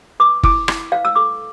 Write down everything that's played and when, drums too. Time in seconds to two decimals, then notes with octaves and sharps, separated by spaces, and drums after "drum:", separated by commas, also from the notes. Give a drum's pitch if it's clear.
0.20 B4 D6
0.43 E4 D6, drum: kick
0.68 E4, drum: rim click
0.92 B4 F5
1.05 E6
1.15 A4 D6